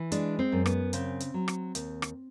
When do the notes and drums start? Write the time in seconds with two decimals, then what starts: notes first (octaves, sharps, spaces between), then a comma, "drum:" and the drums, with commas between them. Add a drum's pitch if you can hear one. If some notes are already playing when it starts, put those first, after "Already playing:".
Already playing: E3
0.12 G#3 D4, drum: hi-hat
0.39 C4
0.52 F#2
0.66 B3, drum: rim click
0.93 C#3 C4, drum: hi-hat
1.20 drum: hi-hat
1.34 F#3
1.48 drum: rim click
1.75 D#2, drum: hi-hat
2.02 drum: rim click